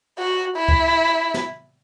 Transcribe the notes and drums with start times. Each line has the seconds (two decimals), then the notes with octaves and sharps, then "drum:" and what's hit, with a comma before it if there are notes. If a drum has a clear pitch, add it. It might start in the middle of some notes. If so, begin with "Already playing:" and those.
0.19 F#4
0.56 E4
0.69 drum: kick C#2
1.34 drum: snare